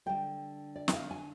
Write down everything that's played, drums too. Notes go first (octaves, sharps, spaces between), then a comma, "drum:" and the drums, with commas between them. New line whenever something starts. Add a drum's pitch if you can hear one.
D3 G3 G5
D5
G5, drum: snare
F5
G#5